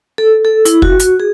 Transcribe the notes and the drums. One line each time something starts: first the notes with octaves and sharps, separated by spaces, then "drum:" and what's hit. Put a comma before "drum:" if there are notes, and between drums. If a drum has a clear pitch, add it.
A4
A4
E4, drum: hi-hat
F#4, drum: kick
drum: hi-hat
G#4